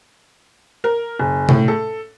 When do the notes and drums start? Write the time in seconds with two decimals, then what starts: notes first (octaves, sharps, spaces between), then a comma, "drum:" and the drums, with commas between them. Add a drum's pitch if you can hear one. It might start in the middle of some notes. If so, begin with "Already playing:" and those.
0.84 A#4
1.19 F#1
1.49 A2, drum: tom C3
1.68 A4